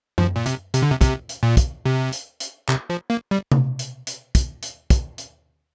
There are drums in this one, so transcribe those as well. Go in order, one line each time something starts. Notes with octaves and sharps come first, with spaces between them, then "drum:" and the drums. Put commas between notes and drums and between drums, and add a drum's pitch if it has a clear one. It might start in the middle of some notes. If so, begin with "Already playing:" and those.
F3, drum: tom F#2
A#2
C3, drum: hi-hat
C3, drum: hi-hat
D3
C3
C3, drum: kick, hi-hat
drum: hi-hat
A#2
drum: kick, hi-hat
C3
drum: hi-hat
drum: hi-hat
C3, drum: clap
F3
A#3
G3
drum: tom C3
drum: hi-hat
drum: hi-hat
drum: kick, hi-hat
drum: hi-hat
drum: kick, hi-hat
drum: hi-hat